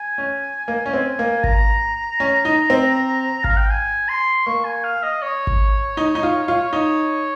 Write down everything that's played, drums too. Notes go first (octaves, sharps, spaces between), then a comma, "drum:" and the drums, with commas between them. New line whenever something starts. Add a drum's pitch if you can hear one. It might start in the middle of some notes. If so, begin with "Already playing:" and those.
Already playing: G#5
C#4
A#3
C#4
C4
A#3
A#5, drum: kick G#1
C#4
D#4
C4
F5, drum: kick G#1
G5
G#5
C6
A#3 C#6
G#5
F5
D#5
C#5
drum: kick G#1
D#4
D#4
F4
F4
D#4 C#5